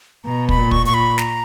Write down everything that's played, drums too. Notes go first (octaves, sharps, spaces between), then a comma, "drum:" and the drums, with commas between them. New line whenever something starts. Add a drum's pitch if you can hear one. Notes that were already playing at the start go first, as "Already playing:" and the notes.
B2 A#5
B5, drum: kick
A#2
C#6, drum: kick
A#2 C#6
B5
A#5, drum: snare